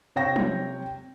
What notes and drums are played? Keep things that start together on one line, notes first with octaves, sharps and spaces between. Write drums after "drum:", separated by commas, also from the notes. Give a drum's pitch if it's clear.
C3 C#5 G5 A#6
drum: tom F3